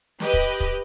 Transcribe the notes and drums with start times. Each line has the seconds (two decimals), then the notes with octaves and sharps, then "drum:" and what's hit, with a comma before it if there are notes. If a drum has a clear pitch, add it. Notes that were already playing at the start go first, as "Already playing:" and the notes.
0.20 G4 B4 D#5, drum: snare
0.34 drum: kick
0.60 drum: kick